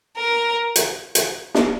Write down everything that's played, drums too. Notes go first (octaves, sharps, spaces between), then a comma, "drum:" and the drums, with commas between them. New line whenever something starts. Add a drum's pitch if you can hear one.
A#4
drum: hi-hat
drum: hi-hat
drum: snare